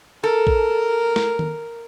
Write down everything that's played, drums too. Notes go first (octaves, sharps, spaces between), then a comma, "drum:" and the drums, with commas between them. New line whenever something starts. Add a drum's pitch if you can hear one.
A4 A#4
drum: kick A#1
drum: snare
drum: tom